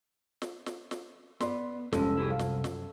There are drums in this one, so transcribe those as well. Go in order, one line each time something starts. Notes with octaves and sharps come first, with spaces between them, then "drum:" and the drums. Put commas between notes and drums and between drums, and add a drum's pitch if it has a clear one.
drum: snare
drum: snare
drum: snare
B3 D5 C6, drum: snare
F1 C2 G#3 C#4 A4, drum: snare
E4 G4 G#4
F#2 F5
drum: snare
drum: snare